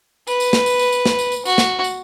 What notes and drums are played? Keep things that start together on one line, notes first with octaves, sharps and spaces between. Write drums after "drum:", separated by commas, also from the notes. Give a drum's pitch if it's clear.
B4, drum: tambourine
drum: tambourine
drum: snare
drum: tambourine
drum: tambourine
drum: tambourine
drum: snare
drum: tambourine
drum: tambourine
F#4, drum: tambourine
drum: snare
drum: tambourine